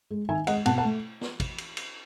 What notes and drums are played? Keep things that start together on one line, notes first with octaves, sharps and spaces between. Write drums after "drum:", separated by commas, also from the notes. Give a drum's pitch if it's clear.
G#3
D#3 E5 G#5
G#3 D#5 F#5, drum: cymbal
B2 F#5 A5, drum: cymbal
F#5 A5
A3
drum: snare
drum: kick, cymbal
drum: cymbal
drum: cymbal